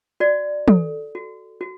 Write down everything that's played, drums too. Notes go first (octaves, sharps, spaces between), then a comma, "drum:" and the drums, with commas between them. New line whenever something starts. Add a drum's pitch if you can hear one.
F#4 D5
A4, drum: tom
F#4
F#4